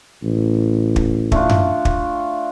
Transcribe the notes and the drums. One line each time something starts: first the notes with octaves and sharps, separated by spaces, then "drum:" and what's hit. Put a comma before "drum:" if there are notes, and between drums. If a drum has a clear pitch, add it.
A1
drum: kick
A3 D4 F4, drum: kick
drum: tom F#2
drum: kick